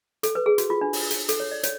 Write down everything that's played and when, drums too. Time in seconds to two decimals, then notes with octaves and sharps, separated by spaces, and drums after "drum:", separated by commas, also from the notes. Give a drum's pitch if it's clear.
0.23 A4, drum: hi-hat
0.35 B4
0.46 G#4
0.58 F#4, drum: hi-hat
0.70 F4
0.81 D4
0.93 drum: open hi-hat
1.11 drum: hi-hat
1.29 A4, drum: hi-hat
1.40 C#5
1.51 D5
1.63 C#5, drum: hi-hat